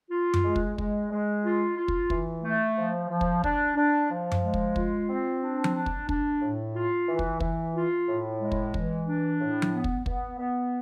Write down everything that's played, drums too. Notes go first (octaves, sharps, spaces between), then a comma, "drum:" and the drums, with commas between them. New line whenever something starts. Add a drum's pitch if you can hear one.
F4
drum: tom F#2
G#3
drum: kick
G#3, drum: kick
G#3
F4
F4
drum: kick
E3, drum: kick
A3
F3
F3
drum: kick
D4, drum: kick
D4
F3
drum: tom F#2
G#3
drum: kick
F4, drum: kick
C4
D4
drum: tom F3
D4
drum: kick
D4, drum: kick
A2
F4
E3
drum: kick
E3, drum: kick
F4
A2
G#3
drum: kick
E3, drum: kick
D4
A2
drum: tom F3
B3
drum: kick
B3, drum: kick
B3